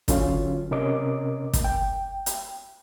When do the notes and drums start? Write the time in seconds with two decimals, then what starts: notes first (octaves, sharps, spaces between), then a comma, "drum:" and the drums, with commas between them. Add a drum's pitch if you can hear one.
0.08 D3 F#3 C#4 F4, drum: kick, hi-hat
0.71 C3 C#4 A#4 D#5 D6
1.53 drum: kick, hi-hat
1.64 G5
2.26 drum: hi-hat